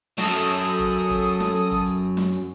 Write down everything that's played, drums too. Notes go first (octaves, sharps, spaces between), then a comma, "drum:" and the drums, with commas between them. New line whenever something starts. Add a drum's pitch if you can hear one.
F#2 F#3 A4 D#6, drum: snare
drum: hi-hat
drum: hi-hat
drum: hi-hat
drum: kick E1
drum: hi-hat
drum: kick E1, hi-hat
drum: hi-hat
drum: snare
drum: hi-hat
drum: kick E1, hi-hat
drum: hi-hat
drum: snare
drum: hi-hat